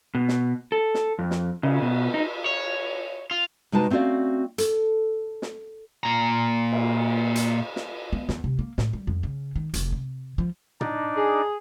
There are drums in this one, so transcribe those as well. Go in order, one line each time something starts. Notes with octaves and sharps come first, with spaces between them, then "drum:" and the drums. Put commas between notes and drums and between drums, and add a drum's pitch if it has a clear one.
B2
drum: snare
A4
drum: snare
F2
drum: snare
C#3, drum: cymbal
B2
D#4
C#5
F4
C3 G#3 D#4 F#4 B4 A5
A3 C4 C#4 F#4 D5 F5
A4, drum: hi-hat
drum: snare
A#2 A#5
drum: cymbal
drum: hi-hat
drum: snare
B3
E2, drum: snare
C3
A#3
A2, drum: snare
G3
F2
C#3
D#3
F1, drum: hi-hat
C3
F3
D4 D#4 D5, drum: tom
G#4